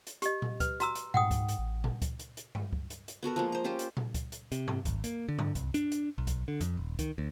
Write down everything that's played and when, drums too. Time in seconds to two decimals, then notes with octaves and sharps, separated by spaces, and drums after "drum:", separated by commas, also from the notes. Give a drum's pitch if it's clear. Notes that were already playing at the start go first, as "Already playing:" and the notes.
0.07 drum: hi-hat
0.22 G4 D#5, drum: hi-hat
0.42 drum: tom A#2
0.60 B4, drum: kick C#2, hi-hat
0.80 F#4 A#5 E6, drum: hi-hat
0.95 drum: hi-hat
1.14 G#2 F#5 G5 D#6, drum: tom A#2
1.31 drum: kick C#2, hi-hat
1.49 drum: hi-hat
1.58 A1
1.84 drum: tom A#2
2.02 drum: kick C#2, hi-hat
2.19 drum: hi-hat
2.37 drum: hi-hat
2.55 drum: tom G2
2.73 drum: kick C#2
2.90 drum: hi-hat
3.08 drum: hi-hat
3.23 B3 F#4 A4 A#4
3.36 F3 G#3 A#3
3.52 C5 A#5
3.64 C#4 F4 G4 C5
3.79 drum: hi-hat
3.97 drum: tom A#2
4.14 drum: kick C#2, hi-hat
4.32 drum: hi-hat
4.52 C3, drum: hi-hat
4.68 drum: tom G2
4.85 G#1, drum: kick C#2, hi-hat
5.04 A#3, drum: hi-hat
5.28 D3
5.39 drum: tom G2
5.55 C2, drum: kick C#2, hi-hat
5.74 D4, drum: hi-hat
5.92 drum: hi-hat
6.18 B1
6.27 drum: kick C#2, hi-hat
6.48 D3
6.61 F2, drum: hi-hat
6.77 D#1
6.99 D#3, drum: kick C#2, hi-hat
7.18 D2